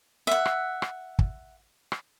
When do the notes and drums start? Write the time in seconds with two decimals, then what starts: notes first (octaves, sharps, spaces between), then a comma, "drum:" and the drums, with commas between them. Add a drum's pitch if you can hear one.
0.27 E5 F#5
0.45 drum: rim click
0.82 drum: rim click
1.19 drum: kick
1.92 drum: rim click